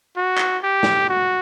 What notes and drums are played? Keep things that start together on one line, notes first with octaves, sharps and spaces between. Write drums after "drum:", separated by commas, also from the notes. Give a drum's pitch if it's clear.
F#4
drum: clap
G4
drum: snare
F#4